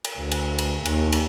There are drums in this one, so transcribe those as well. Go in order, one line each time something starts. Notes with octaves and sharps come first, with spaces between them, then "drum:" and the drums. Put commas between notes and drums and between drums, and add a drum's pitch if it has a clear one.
drum: cymbal
D2
drum: cymbal
drum: cymbal
D#2, drum: cymbal
drum: cymbal